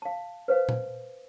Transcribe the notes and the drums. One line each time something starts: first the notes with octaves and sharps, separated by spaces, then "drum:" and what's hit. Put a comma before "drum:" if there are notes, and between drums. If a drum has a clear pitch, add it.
F5 A5
B4 C5 F5
drum: tom A#2